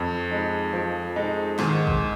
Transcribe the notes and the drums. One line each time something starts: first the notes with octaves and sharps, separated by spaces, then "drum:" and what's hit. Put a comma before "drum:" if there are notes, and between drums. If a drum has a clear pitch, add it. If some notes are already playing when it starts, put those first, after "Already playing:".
Already playing: F2
G#3 D#4
F3
G#3 D#4
G#2 D#3, drum: snare
drum: kick